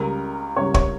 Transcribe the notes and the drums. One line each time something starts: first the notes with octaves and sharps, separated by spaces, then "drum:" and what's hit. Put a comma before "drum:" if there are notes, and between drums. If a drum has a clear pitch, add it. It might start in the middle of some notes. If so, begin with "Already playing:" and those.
Already playing: C#2 C#3 G3 A#4
C#2 C#3 G3 C#5
C#5, drum: kick